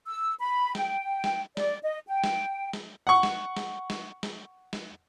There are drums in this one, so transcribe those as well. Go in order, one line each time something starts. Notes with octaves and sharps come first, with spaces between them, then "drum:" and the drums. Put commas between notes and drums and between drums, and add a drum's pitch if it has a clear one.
E6
B5
G5, drum: snare
drum: snare
D5, drum: snare
D#5
G5
drum: snare
drum: snare
F#5 C#6
drum: snare
drum: snare
drum: snare
drum: snare
drum: snare